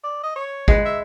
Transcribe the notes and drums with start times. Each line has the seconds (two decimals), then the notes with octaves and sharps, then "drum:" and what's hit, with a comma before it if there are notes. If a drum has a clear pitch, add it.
0.04 D5
0.23 D#5
0.36 C#5
0.68 G#3 B4, drum: kick G#1
0.85 E5